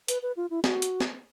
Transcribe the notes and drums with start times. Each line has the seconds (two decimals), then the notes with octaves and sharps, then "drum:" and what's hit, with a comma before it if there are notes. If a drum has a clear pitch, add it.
0.08 B4, drum: hi-hat
0.23 B4
0.37 F4
0.50 E4
0.64 F#4, drum: snare
0.82 drum: hi-hat
1.00 drum: snare